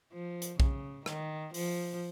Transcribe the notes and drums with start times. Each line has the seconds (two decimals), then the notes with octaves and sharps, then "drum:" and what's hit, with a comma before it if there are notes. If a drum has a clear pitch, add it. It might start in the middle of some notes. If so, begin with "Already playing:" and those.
0.12 F3
0.42 drum: hi-hat
0.60 C#3, drum: kick B1
1.06 D#3, drum: rim click
1.54 F3, drum: open hi-hat